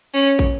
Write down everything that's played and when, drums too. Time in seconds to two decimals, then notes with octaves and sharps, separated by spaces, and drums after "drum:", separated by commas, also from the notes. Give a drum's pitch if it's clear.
0.14 C#4, drum: tambourine
0.39 drum: kick